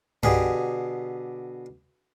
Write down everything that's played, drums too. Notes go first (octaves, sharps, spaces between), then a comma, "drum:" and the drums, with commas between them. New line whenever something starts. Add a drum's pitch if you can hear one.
B2 D3 G4 G#4, drum: tom G2